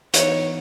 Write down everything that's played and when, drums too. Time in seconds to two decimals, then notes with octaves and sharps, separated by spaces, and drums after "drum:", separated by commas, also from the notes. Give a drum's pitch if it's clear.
0.14 E3 B3 D#4 C#5, drum: hi-hat